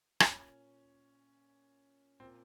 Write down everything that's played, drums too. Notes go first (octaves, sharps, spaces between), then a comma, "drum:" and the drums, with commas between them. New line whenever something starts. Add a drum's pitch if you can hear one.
A#2 C#4, drum: rim click
A#2 C4